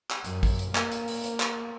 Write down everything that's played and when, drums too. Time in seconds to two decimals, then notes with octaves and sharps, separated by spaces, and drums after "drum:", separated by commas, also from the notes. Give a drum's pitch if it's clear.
0.11 drum: clap
0.25 F#2, drum: hi-hat
0.43 drum: kick, open hi-hat
0.59 drum: hi-hat
0.75 A#3, drum: clap
0.92 drum: hi-hat
1.08 drum: open hi-hat
1.24 drum: hi-hat
1.40 drum: clap